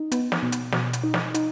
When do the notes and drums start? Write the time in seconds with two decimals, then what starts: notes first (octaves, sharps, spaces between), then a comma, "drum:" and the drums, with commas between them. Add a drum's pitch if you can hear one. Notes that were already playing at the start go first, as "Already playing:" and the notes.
Already playing: D#4
0.12 B3, drum: hi-hat
0.32 drum: snare
0.43 B2
0.52 drum: hi-hat
0.72 B2, drum: snare
0.93 drum: hi-hat
1.04 D#4
1.14 drum: snare
1.34 D#4, drum: hi-hat